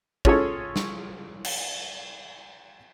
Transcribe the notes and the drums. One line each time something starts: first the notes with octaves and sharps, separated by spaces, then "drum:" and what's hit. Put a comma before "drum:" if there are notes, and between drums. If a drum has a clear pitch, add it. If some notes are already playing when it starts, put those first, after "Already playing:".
C#4 F4 G#4 A4 C#5, drum: kick
drum: snare
drum: cymbal